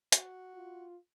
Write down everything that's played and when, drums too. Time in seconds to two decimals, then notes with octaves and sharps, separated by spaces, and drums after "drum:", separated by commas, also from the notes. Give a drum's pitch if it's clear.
0.12 F#4, drum: hi-hat
0.54 F4